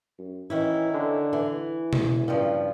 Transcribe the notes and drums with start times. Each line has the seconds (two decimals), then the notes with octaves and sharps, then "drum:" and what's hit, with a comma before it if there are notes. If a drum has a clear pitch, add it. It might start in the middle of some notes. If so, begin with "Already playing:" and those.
0.18 F#2
0.50 D#3 E3 C#4 E4
0.94 D3
1.33 E3
1.93 E1, drum: tom B2
2.28 G2 C#3 F3